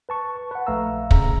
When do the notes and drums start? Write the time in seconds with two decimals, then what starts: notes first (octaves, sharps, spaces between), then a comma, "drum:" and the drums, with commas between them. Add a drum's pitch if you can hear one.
0.09 B4 A5 C#6
0.51 B4 F#5
0.67 A#1 A3 F5 A#5 E6
1.11 A1 C#3 A#5, drum: kick